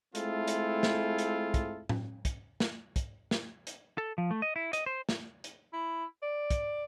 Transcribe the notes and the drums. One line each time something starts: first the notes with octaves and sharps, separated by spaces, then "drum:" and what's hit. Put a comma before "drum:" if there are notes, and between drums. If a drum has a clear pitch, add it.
G#3 A3 C4 E4 F4 A4, drum: hi-hat
drum: hi-hat
drum: snare
drum: hi-hat
drum: kick, hi-hat
drum: tom A2
drum: kick, hi-hat
drum: snare
drum: kick, hi-hat
drum: snare
drum: hi-hat
A4
F3
A3
D#5
E4
D#5, drum: hi-hat
C5
drum: snare
drum: hi-hat
E4
D5
drum: kick, hi-hat